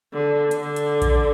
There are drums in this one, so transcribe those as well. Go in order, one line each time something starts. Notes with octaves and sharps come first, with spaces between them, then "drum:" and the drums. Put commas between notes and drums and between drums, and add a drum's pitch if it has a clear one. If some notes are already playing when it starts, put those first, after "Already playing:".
D3
D3, drum: hi-hat
drum: hi-hat
drum: kick A1, hi-hat